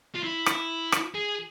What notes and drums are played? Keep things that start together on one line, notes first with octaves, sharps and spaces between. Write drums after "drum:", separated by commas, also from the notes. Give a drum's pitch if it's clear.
F4
E4
drum: rim click
drum: rim click
G#4